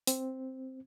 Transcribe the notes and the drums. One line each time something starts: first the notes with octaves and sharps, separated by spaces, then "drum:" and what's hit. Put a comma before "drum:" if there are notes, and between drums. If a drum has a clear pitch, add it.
C4, drum: open hi-hat